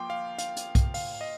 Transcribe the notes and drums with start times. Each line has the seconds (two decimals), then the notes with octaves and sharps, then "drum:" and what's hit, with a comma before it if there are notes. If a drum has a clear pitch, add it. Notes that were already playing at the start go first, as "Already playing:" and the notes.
Already playing: F3 A#3 F4 G5 C6 D6
0.10 F5
0.38 F5, drum: hi-hat
0.57 drum: hi-hat
0.75 drum: kick B1, hi-hat
0.94 F5, drum: open hi-hat
1.21 D#5